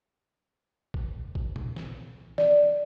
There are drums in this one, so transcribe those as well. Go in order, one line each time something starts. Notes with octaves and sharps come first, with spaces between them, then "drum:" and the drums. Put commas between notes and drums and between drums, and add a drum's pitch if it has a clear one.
drum: kick
drum: kick
drum: tom A#2
drum: snare
D5, drum: snare